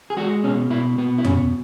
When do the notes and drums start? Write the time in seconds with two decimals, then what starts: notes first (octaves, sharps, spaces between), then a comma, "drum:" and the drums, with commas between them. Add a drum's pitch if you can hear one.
0.10 G#4
0.17 G#3 F#4
0.44 B2 C#4
0.70 B2 E4
0.98 B2 B3
1.18 E4
1.25 B2 C#4, drum: tom F2